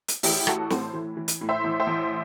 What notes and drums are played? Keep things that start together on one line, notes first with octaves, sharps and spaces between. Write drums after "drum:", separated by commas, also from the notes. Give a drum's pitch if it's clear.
drum: hi-hat
A1 E4 G4, drum: open hi-hat
E3 F#4 A4, drum: rim click
A2 A4 C5, drum: snare
E3
E3
drum: hi-hat
A2
C5 E5
A1
C5 E5
A1